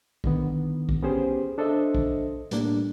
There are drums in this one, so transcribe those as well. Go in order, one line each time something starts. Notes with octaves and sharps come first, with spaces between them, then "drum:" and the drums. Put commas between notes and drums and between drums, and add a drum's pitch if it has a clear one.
D3 D#3 B3, drum: kick
drum: kick
B3 C#4 G4 G#4 C5
D4 A4 C5 D#5 E5
drum: kick
A2 G3 A#3 D4, drum: hi-hat